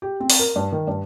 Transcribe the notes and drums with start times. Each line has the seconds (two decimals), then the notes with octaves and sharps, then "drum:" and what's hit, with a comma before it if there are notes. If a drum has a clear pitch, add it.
0.02 G4
0.20 C4
0.30 drum: open hi-hat
0.39 A#4
0.56 G2
0.72 D#3
0.87 G2